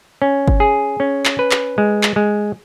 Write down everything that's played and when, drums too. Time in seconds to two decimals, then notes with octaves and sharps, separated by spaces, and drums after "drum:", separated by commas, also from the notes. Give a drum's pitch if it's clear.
0.22 C#4
0.48 drum: kick G1
0.60 G#4
1.00 C#4
1.25 drum: clap
1.39 B4
1.51 drum: clap
1.78 G#3
2.03 drum: clap
2.16 G#3